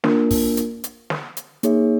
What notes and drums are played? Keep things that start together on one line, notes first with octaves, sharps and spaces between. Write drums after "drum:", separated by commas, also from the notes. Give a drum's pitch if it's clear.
A#3 D4 F4 A#4, drum: snare
drum: kick, open hi-hat
drum: hi-hat
drum: hi-hat
drum: snare
drum: hi-hat
A#3 D#4 G#4 C#5 E5, drum: hi-hat